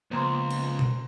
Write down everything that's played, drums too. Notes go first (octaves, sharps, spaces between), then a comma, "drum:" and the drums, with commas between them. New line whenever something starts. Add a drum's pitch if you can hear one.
C#2 F3 A#3 B3 C5 A#5 C6
drum: cymbal
drum: tom B2